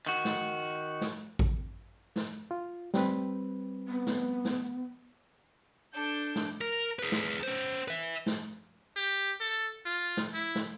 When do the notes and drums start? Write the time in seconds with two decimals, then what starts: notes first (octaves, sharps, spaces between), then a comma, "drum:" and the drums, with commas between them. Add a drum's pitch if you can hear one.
0.06 D#3 F#4
0.25 drum: snare
1.01 drum: snare
1.39 drum: kick A1
2.16 drum: snare
2.51 F4
2.94 G3 C4 B4, drum: snare
3.88 B3
4.06 drum: snare
4.45 drum: snare
5.94 D4 A4 G6 D7
6.35 drum: snare
6.61 A#4
6.99 G#4 B4
7.12 drum: snare
7.43 C#4 C5
7.88 B4 E5
8.26 drum: snare
8.97 G4
9.41 A4
9.86 F4
10.17 drum: snare
10.34 E4
10.55 drum: snare